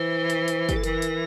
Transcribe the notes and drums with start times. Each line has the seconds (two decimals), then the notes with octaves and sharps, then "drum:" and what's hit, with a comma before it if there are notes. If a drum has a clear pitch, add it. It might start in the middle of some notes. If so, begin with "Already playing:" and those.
Already playing: E3 C5
0.30 drum: hi-hat
0.48 drum: hi-hat
0.69 G4, drum: kick, hi-hat
0.76 A4
0.84 E3 A#4, drum: hi-hat
1.02 drum: hi-hat